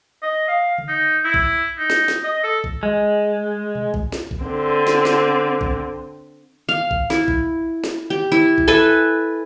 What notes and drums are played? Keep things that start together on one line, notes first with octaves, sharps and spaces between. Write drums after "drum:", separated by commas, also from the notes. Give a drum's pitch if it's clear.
D#5
F5
drum: tom C#3
D#4
E4
drum: kick B1
D#4
drum: snare
drum: snare
D#5
A4
drum: kick B1
G#3
drum: tom B2
drum: kick B1
drum: snare
drum: kick B1
D3 C4
drum: snare
drum: snare
drum: kick B1
F5
drum: kick B1
E4, drum: snare
drum: kick B1
drum: snare
G4
E4
drum: kick B1
A4 B4 E5 G#5